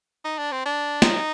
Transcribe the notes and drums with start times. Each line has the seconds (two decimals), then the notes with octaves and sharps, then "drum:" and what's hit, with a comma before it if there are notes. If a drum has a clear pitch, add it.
0.25 D#4
0.38 D4
0.52 C4
0.66 D4
1.02 D#4, drum: snare